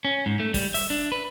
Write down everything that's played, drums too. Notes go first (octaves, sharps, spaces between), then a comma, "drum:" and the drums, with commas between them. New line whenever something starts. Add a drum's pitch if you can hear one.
C#4
G#2
A3
G3, drum: kick F#1, open hi-hat
E5, drum: open hi-hat
D4
B4